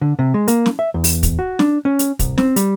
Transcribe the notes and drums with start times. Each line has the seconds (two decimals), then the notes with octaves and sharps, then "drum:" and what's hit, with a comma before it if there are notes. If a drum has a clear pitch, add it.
0.01 D3
0.19 C3
0.34 G#3
0.48 A#3, drum: hi-hat
0.66 drum: snare
0.79 E5
0.94 E2
1.04 drum: open hi-hat
1.23 drum: kick, hi-hat
1.39 F#4
1.59 D4, drum: snare
1.85 C#4
1.99 drum: hi-hat
2.19 C2, drum: kick, hi-hat
2.38 C4, drum: snare
2.56 G3, drum: hi-hat